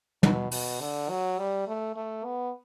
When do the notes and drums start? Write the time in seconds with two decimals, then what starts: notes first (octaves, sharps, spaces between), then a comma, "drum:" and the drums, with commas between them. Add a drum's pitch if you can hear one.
0.23 B2, drum: tom
0.51 B2, drum: open hi-hat
0.81 D3
1.10 F#3
1.39 G3
1.68 A3
1.96 A3
2.25 B3